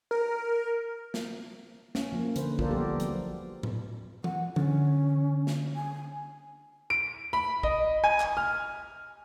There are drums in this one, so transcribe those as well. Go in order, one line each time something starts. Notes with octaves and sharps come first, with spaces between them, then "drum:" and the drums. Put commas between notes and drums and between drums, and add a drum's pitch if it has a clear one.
A#4
drum: snare
C#4, drum: snare
F3 A#3
D3 B4 C5, drum: hi-hat
F4 A4 A#4 C5 D5, drum: kick
F3 G3 B3 G4 A#4
F#3, drum: hi-hat
drum: tom A2
F#5, drum: tom E3
D3 C#4, drum: tom E3
drum: snare
G#5
D7
B5
D#5, drum: kick
G#5
drum: clap
F6